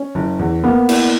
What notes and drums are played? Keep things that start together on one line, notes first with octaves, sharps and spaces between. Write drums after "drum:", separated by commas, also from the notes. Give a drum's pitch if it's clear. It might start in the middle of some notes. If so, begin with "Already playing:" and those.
Already playing: C#4
F#1
E2
A#3 B3
E4, drum: cymbal